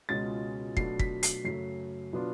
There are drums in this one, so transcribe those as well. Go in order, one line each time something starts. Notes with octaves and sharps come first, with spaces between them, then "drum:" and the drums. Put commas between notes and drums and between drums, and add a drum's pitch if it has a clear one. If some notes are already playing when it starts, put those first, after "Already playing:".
C#2 B2 G#3 C#4 F4 A6
B2 F#3 A3 D4 F4 C7, drum: kick
B6, drum: kick
C7, drum: hi-hat
F#2 C#3 F#3 A3 C7
B2 F#3 B3 D4 F4